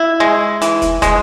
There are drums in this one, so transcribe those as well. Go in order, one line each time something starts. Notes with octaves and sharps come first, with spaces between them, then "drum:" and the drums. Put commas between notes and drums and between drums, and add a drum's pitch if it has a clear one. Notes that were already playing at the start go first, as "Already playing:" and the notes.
Already playing: E4
G#3
E3, drum: hi-hat
drum: kick, hi-hat
G#3, drum: kick, hi-hat